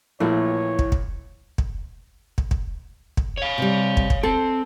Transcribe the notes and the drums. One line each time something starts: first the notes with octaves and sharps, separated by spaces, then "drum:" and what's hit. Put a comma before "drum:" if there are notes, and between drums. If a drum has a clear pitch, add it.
A#1 A#2 E3 A3 E4 F4 C#5
drum: kick
drum: kick
drum: kick
drum: kick
drum: kick
drum: kick
C#5 F5
C3 G3
drum: kick
drum: kick
C4 A4